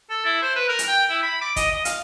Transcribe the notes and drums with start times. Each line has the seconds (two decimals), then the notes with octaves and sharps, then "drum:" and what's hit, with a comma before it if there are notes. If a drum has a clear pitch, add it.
0.10 A4
0.25 E4
0.42 C5
0.56 B4
0.69 A#4
0.79 drum: hi-hat
0.88 G5
1.10 E4
1.23 B5
1.41 D6
1.56 D#5, drum: kick, hi-hat
1.71 D#5
1.85 F5, drum: hi-hat